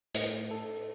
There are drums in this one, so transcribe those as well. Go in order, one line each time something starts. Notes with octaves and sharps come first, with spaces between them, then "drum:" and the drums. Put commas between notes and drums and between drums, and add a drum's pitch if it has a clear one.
A2, drum: hi-hat
A4